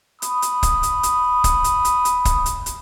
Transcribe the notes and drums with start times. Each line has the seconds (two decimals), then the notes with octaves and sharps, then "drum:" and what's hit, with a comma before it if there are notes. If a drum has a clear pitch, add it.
0.22 B5 D#6, drum: hi-hat
0.42 drum: hi-hat
0.63 drum: kick, hi-hat
0.83 drum: hi-hat
1.03 drum: hi-hat
1.44 drum: kick, hi-hat
1.64 drum: hi-hat
1.85 drum: hi-hat
2.05 drum: hi-hat
2.25 drum: kick, hi-hat
2.46 drum: hi-hat
2.66 drum: hi-hat